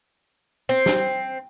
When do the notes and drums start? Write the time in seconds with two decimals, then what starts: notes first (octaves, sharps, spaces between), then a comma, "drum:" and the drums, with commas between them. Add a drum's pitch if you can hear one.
0.69 C4
0.86 drum: snare